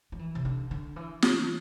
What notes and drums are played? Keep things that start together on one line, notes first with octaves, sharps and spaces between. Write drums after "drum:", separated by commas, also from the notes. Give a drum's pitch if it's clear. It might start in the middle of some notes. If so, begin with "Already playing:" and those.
F3
E3
C3
D3
D3
E3
drum: snare